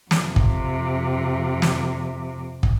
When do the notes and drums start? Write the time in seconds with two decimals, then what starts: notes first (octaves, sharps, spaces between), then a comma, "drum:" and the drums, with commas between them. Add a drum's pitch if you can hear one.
0.11 F2 C3, drum: snare
0.36 drum: kick
1.62 drum: snare
2.63 drum: kick